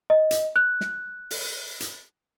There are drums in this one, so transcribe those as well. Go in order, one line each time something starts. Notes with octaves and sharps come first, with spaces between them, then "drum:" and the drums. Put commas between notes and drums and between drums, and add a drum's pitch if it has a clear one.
D#5
drum: hi-hat
F#6
drum: snare
drum: open hi-hat
drum: hi-hat